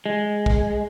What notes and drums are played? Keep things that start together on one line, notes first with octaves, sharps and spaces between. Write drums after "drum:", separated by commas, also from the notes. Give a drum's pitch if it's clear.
G#3
drum: kick